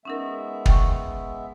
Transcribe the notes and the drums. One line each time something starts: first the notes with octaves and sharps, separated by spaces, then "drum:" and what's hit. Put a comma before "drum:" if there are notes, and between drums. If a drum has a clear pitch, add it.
G#3 B3 C#4 D#4 A#4 E5
G5 G#5 C#6, drum: kick